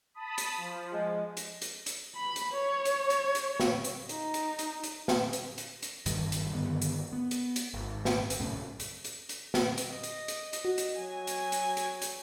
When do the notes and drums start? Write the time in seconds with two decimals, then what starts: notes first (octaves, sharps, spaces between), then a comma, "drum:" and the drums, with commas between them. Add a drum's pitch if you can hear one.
0.14 A5 B5 D#6
0.38 drum: hi-hat
0.57 F3
0.92 G#3
1.37 drum: hi-hat
1.62 drum: hi-hat
1.86 drum: hi-hat
2.16 B5
2.36 drum: hi-hat
2.52 C#5
2.85 drum: hi-hat
3.10 drum: hi-hat
3.35 drum: hi-hat
3.60 drum: snare
3.84 drum: hi-hat
4.09 D#4, drum: hi-hat
4.34 drum: hi-hat
4.59 drum: hi-hat
4.83 drum: hi-hat
5.08 drum: snare
5.33 drum: hi-hat
5.58 drum: hi-hat
5.82 drum: hi-hat
6.06 F#1 G2 D#3 G3, drum: hi-hat
6.32 drum: hi-hat
6.51 G2 D3 D#3 B3
6.82 drum: hi-hat
7.13 B3
7.31 drum: hi-hat
7.56 drum: hi-hat
7.74 G#1
8.05 drum: snare
8.30 drum: hi-hat
8.39 A#1 F#2 A2 C#3
8.80 drum: hi-hat
9.04 drum: hi-hat
9.29 drum: hi-hat
9.54 drum: snare
9.78 D#5, drum: hi-hat
10.03 drum: hi-hat
10.28 drum: hi-hat
10.53 drum: hi-hat
10.65 F#4
10.78 drum: hi-hat
10.98 F#3 G#5
11.27 drum: hi-hat
11.52 drum: hi-hat
11.77 drum: hi-hat
12.02 drum: hi-hat